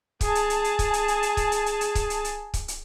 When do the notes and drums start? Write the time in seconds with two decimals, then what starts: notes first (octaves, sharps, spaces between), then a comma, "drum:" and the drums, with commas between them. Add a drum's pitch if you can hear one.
0.21 G#4 A5, drum: kick C#1, hi-hat
0.35 drum: hi-hat
0.50 drum: hi-hat
0.64 drum: hi-hat
0.79 drum: kick C#1, hi-hat
0.93 drum: hi-hat
1.08 drum: hi-hat
1.23 drum: hi-hat
1.37 drum: kick C#1, hi-hat
1.52 drum: hi-hat
1.66 drum: hi-hat
1.81 drum: hi-hat
1.95 drum: kick C#1, hi-hat
2.10 drum: hi-hat
2.24 drum: hi-hat
2.54 drum: kick C#1, hi-hat
2.68 drum: hi-hat